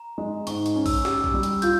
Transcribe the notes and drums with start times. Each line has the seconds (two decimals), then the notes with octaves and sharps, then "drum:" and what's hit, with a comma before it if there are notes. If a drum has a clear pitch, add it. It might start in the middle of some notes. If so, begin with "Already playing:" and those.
Already playing: A#5
0.18 G#3
0.47 G#2 C#6, drum: hi-hat
0.66 C#6, drum: hi-hat
0.75 C#4
0.86 E6, drum: kick, open hi-hat
1.05 G4, drum: snare
1.24 drum: kick
1.34 G3
1.43 drum: hi-hat
1.62 F4 G6, drum: hi-hat